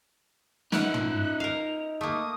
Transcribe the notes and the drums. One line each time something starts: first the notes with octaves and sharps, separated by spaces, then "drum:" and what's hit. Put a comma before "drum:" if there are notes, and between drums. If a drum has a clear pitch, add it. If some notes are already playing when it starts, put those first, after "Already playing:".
D#4 A#4 B4 E5 F#5 F#6, drum: snare
drum: tom
A#4 F5 F7
A3 A#3 D#6